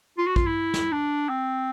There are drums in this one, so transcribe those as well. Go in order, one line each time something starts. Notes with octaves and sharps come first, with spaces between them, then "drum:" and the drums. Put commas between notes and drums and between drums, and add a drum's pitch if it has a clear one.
F4
F#4
F4, drum: kick
E4
drum: snare
D4
C4